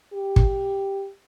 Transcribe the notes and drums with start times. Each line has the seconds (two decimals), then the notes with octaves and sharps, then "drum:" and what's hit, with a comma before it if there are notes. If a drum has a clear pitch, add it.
0.13 G4
0.36 drum: kick